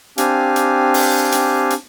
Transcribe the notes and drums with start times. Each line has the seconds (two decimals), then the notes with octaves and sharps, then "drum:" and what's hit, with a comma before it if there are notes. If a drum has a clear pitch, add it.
0.18 C4 D4 G4 F5 G#5, drum: hi-hat
0.56 drum: hi-hat
0.94 drum: open hi-hat
1.32 drum: hi-hat
1.70 drum: hi-hat